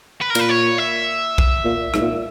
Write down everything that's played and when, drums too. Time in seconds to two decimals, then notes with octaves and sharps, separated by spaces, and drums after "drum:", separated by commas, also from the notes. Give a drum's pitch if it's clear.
0.21 B4
0.30 A#4
0.35 A#2 B4, drum: cymbal
0.49 C#5
0.78 E5
1.38 drum: kick B1
1.65 A#2
1.94 G#2, drum: rim click
2.01 A#2